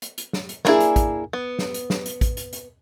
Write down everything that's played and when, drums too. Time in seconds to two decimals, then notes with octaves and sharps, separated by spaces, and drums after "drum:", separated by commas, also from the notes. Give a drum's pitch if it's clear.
0.02 drum: hi-hat
0.18 drum: hi-hat
0.33 drum: snare
0.49 drum: hi-hat
0.65 A#3 B3 D4 E4 G#4, drum: snare
0.80 drum: hi-hat
0.96 drum: kick, hi-hat
1.33 B3
1.59 drum: snare
1.74 drum: hi-hat
1.90 drum: snare
2.06 drum: hi-hat
2.21 drum: kick, hi-hat
2.37 drum: hi-hat
2.53 drum: hi-hat